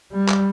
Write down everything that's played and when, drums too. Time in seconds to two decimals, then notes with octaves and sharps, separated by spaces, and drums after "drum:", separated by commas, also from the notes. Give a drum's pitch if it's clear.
0.12 G3
0.29 drum: clap